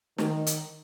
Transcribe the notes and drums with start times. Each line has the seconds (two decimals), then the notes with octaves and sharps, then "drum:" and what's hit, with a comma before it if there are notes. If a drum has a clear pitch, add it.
0.18 D#3, drum: snare
0.47 drum: hi-hat